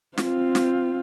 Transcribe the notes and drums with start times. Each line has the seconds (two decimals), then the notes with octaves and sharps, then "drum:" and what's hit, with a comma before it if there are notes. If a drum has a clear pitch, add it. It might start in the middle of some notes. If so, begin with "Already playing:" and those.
0.18 C4 F4, drum: snare
0.55 drum: snare